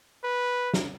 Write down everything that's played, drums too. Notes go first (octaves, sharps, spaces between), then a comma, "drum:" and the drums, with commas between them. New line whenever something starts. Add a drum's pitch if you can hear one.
B4
drum: snare